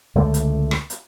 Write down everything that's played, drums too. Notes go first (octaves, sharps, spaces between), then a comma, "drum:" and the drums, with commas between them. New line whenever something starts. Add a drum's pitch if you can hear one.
C#2 D3 A3
drum: hi-hat
drum: rim click
drum: hi-hat